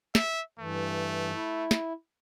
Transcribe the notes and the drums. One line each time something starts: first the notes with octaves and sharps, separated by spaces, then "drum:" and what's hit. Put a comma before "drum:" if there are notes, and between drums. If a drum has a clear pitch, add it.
E5, drum: snare
G2 E3 A3
E4
drum: snare